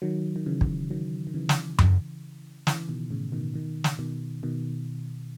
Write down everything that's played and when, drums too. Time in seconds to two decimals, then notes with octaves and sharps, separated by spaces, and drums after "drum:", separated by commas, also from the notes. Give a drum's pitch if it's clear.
0.02 D#3 F#3
0.36 D#3
0.46 C#3 E3
0.61 drum: kick
0.90 D#3 F#3
1.27 D#3
1.34 C#3 E3
1.49 drum: snare
1.79 drum: tom F#2
2.67 C#3 E3, drum: snare
2.89 B2 D#3
3.11 A2 C#3
3.32 B2 D#3
3.54 B2 D#3
3.84 drum: snare
3.99 B2 D#3
4.43 B2 D#3